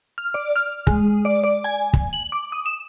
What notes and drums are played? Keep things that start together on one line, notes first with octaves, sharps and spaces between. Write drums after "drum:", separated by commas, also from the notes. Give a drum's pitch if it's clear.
F6
D5
F6
G#3, drum: kick
D5
D5
G#5
drum: kick
F#7
D6
D#6
E7